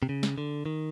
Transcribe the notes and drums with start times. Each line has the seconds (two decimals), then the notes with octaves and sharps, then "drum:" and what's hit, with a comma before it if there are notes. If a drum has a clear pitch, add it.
0.03 C3
0.09 C#3
0.23 drum: snare
0.38 D3
0.66 D#3